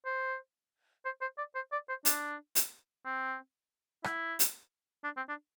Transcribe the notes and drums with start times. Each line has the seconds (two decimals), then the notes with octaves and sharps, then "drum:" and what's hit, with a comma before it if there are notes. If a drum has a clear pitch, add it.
0.06 C5
1.05 C5
1.21 C5
1.38 D5
1.55 C5
1.72 D5
1.89 C5
2.05 D4, drum: hi-hat
2.55 drum: hi-hat
3.05 C4
4.04 E4, drum: rim click
4.39 drum: hi-hat
5.04 D4
5.17 C4
5.29 D4